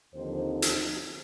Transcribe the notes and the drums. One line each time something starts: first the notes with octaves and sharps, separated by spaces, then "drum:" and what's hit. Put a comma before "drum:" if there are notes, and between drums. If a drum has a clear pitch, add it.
D#2 D3 F3 C4 D#4 C5
drum: hi-hat